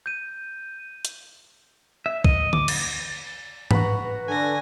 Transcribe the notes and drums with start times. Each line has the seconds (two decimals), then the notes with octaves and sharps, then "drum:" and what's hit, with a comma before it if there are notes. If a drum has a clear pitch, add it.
0.06 G6 D#7
1.05 drum: hi-hat
2.06 E5
2.24 D#5, drum: kick
2.53 D6, drum: tom D3
2.68 drum: cymbal
3.71 F#4 B4 A#5 B5, drum: tom G#2
4.28 D3 G#5 A#6